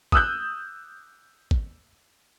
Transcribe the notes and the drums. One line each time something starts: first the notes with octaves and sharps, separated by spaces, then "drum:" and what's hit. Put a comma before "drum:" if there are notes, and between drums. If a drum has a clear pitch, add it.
D#6 E6 F#6 G6, drum: kick G#1
drum: kick G#1